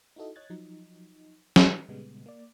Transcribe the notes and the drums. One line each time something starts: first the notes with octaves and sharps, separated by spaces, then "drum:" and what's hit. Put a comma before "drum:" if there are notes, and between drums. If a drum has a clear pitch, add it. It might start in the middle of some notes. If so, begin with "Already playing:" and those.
D#4 E4 F#4 A4 D#5
C#5 D#5 F#6 G#6 A6
F3 F#3 D#4
drum: snare
A#2 C#3 G3 G#3 B3
A#3 D5